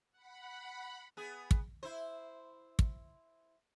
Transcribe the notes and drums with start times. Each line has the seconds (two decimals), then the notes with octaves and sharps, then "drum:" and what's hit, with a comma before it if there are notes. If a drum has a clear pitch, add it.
0.12 F#5 B5
1.17 B3 G#4
1.51 drum: kick
1.83 E4 C5
2.79 drum: kick